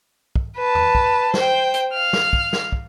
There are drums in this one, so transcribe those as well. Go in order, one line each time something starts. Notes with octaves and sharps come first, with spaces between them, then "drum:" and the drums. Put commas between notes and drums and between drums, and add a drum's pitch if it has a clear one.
drum: kick
B4 A5
drum: tom E2
drum: kick
C5 G5, drum: snare
drum: hi-hat
F5 F6
drum: snare
drum: kick
drum: snare
drum: kick